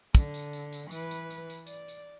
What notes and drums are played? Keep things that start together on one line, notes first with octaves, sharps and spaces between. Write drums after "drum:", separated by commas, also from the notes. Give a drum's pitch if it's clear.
D3, drum: kick, tambourine
drum: tambourine
drum: tambourine
drum: tambourine
E3 B4, drum: tambourine
drum: tambourine
drum: tambourine
drum: tambourine
D5, drum: tambourine
drum: tambourine